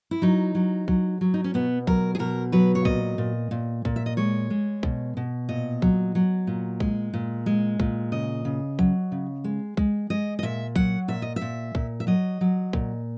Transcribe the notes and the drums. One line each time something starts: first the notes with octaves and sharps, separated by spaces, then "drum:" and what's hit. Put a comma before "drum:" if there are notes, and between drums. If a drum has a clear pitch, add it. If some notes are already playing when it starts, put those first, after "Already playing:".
E4
F#3 D#4
F#3
F#3, drum: kick B1
F#3
D#4
C#4
B2 B3
F#3 A#4, drum: kick B1
G#4
B2 A#4
F#3 B4
C#5
A#2 D#5, drum: kick B1
A#2
A#2
A#2, drum: kick B1
E5
D#5
G#3 C#5
G#3
B2, drum: kick B1
B2
A#2 D#5
F#3, drum: kick B1
F#3
A#2
G#3, drum: kick B1
A#2
G#3
A#2, drum: kick B1
C#3 D#5
C#3
F#3, drum: kick B1
C#3
G#3
G#3, drum: kick B1
G#3 D#5
D#5
A#2 E5
F#3 F#5, drum: kick B1
A#2 E5
D#5
E5
A#2
A#2, drum: kick B1
E5
F#3 D#5
F#3
A#2, drum: kick B1